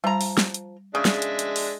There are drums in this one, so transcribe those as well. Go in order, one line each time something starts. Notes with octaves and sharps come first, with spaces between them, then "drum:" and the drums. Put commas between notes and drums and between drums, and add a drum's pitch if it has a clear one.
F3 G3 A#5
drum: open hi-hat
drum: snare
drum: hi-hat
C#3 G#3 D4 E5
drum: snare
drum: hi-hat
drum: hi-hat
drum: open hi-hat